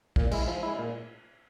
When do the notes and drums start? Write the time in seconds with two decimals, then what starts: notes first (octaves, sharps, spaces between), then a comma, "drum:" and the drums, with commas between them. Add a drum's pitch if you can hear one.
0.16 A#2, drum: kick
0.31 G#3 E4, drum: cymbal
0.47 F3
0.63 G#3 E4
0.79 A#2